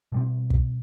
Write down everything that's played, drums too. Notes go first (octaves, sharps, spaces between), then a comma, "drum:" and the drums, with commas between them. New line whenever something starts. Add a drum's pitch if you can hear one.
B2 G3 C4
drum: kick